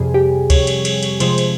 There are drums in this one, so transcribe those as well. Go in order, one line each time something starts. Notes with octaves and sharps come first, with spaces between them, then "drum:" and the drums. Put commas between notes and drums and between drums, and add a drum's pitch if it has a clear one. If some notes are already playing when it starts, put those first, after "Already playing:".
Already playing: F2 C3 G3 G#4
G4
C#5, drum: kick C#2, cymbal
drum: cymbal
drum: cymbal
drum: cymbal
C3 F3 G#3 C5, drum: cymbal
drum: cymbal